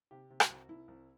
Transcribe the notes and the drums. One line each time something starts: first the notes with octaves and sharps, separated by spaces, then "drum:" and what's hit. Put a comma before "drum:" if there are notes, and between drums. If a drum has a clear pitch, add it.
C3 G4
C3
F#4, drum: rim click
C2
C2 E4
C2